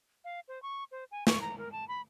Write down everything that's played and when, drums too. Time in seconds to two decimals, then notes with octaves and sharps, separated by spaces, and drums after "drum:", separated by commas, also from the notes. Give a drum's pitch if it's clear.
0.25 F5
0.48 C5
0.63 C#6
0.91 C5
1.11 G#5
1.27 C#6, drum: snare
1.41 A#5
1.58 A#4
1.72 A5
1.88 B5